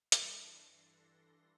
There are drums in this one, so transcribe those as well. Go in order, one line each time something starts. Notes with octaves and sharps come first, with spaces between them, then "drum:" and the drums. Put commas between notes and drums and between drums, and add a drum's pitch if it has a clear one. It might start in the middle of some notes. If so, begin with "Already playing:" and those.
G2 E3 D4 A4 C6 A#6, drum: hi-hat